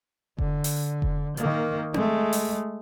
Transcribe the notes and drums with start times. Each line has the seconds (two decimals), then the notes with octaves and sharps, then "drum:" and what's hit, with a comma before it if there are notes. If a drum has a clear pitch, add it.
0.38 D3, drum: kick F1
0.64 drum: open hi-hat
1.02 drum: kick F1
1.37 D#3 A#3, drum: hi-hat
1.94 G#3 A3, drum: tom C4
2.33 drum: open hi-hat